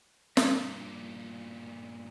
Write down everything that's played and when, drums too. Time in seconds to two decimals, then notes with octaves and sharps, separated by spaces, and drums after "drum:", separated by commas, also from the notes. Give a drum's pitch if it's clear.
0.37 G2 A#2, drum: snare